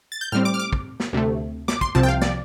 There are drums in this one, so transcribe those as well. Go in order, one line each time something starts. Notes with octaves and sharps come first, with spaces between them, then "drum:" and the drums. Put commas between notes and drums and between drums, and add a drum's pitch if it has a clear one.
A6
G6
A2 G3 C4 F6
D6
F6
D6
drum: kick
drum: snare
D2 C3 A3
D6, drum: snare
C6, drum: kick
C2 C3 F3 C4 A5
G5
F5
D5, drum: snare